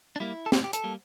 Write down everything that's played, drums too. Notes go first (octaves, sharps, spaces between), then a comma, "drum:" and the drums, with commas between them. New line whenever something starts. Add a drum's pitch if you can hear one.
D4
G3 A#3 E4
A4
A2 G4, drum: snare
G4
A4, drum: hi-hat
G3 A#3